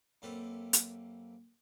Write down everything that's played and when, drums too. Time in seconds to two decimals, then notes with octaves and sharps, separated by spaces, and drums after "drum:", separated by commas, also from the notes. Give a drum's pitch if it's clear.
0.22 F#2 A#3 C4 G4 A4 B4
0.73 drum: hi-hat